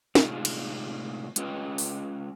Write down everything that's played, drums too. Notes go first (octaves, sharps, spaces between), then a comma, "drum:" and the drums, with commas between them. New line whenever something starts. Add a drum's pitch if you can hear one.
A2 C3 G#3 D4 D#4 F4, drum: snare
drum: cymbal
G#3 C#4 F4 B4 D#5 G5, drum: hi-hat
drum: open hi-hat